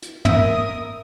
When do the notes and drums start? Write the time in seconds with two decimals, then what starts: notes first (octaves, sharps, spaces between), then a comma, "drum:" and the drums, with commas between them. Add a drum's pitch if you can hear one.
0.02 drum: hi-hat
0.25 A#4 E5 D#6, drum: tom